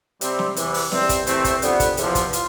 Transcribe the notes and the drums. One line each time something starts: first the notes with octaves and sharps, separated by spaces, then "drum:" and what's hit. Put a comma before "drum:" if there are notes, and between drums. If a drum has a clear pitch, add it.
C3 G3 C4, drum: hi-hat
drum: snare
E2 C3 E3, drum: hi-hat
drum: open hi-hat
E2 C3 G3 C4, drum: snare
drum: kick, hi-hat
E2 C3 E3 A3 C4, drum: hi-hat
drum: kick, hi-hat
F2 D3 G3 B3, drum: hi-hat
drum: kick, hi-hat
E2 C3 F3, drum: hi-hat
drum: kick, hi-hat
F4, drum: hi-hat